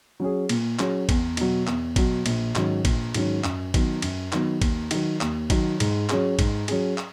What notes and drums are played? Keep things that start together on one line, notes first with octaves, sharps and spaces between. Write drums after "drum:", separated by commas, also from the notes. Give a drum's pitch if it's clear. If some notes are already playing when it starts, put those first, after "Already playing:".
F#3 C#4 G#4
A#2, drum: cymbal
F#3 C#4 G#4, drum: clap
E2, drum: kick, cymbal
B2 F#3, drum: cymbal
E2, drum: clap
B2 F#3, drum: kick, cymbal
A#1, drum: cymbal
G#2 D#3 F#3 C#4, drum: clap
A#1, drum: kick, cymbal
G#2 D#3 F#3 C#4, drum: cymbal
F#2, drum: clap
D#3 F#3 B3, drum: kick, cymbal
F#2, drum: cymbal
D#3 F#3 B3, drum: clap
D#2, drum: kick, cymbal
D#3 F#3, drum: cymbal
D#2, drum: clap
D#3 F#3, drum: kick, cymbal
G#2, drum: cymbal
F#3 C#4 G#4, drum: clap
G#2, drum: kick, cymbal
F#3 C#4 G#4, drum: cymbal
drum: clap